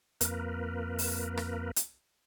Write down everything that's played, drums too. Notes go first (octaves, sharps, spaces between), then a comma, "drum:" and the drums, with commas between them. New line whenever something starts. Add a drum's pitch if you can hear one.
F2 A#3 A#4 B4, drum: hi-hat
drum: open hi-hat
drum: rim click
drum: hi-hat